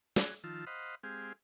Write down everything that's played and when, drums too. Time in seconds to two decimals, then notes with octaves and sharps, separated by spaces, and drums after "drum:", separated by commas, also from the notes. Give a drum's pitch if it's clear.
0.16 F#4 G#4, drum: snare
0.44 D#3 F3 F4 A5 E6
0.67 C5 D#5 F5 F#5 B5
1.03 G#3 C4 G4 G#4 F5